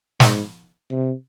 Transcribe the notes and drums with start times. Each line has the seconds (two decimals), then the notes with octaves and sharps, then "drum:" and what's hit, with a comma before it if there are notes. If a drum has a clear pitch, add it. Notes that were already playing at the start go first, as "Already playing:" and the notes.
0.20 G#2, drum: snare
0.91 C3